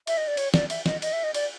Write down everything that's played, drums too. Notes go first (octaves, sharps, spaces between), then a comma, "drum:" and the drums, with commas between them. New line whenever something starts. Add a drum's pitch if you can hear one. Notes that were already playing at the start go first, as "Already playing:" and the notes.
E5, drum: cymbal
D#5
D5
C#5, drum: cymbal
D5, drum: snare
E5, drum: cymbal
D#5, drum: snare
D#5, drum: cymbal
E5
D#5
D5, drum: cymbal